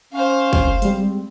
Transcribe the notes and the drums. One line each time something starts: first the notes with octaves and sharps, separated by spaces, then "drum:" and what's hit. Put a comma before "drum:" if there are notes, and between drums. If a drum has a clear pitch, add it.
C#4 C5 F5
drum: kick
G3 G#3 C4, drum: hi-hat